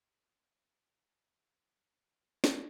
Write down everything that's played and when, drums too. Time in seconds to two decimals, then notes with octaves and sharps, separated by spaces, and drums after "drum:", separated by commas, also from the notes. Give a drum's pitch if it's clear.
0.21 C#4 C5
2.44 drum: snare